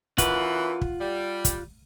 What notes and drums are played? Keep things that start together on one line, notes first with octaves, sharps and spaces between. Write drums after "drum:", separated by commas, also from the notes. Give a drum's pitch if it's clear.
F#2 E3 F4 F#5, drum: kick, hi-hat
drum: kick
G3
drum: kick, hi-hat